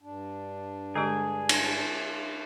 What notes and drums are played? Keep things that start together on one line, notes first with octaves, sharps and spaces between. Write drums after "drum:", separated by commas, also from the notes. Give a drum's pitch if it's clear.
G2 D4
D3 G#3 G4 G#4
drum: cymbal